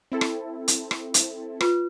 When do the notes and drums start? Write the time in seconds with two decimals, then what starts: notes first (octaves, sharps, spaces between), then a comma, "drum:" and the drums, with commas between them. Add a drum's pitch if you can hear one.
0.12 C4 E4 A4
0.21 drum: rim click
0.68 drum: hi-hat
0.91 drum: rim click
1.14 drum: hi-hat
1.61 F4 B4, drum: rim click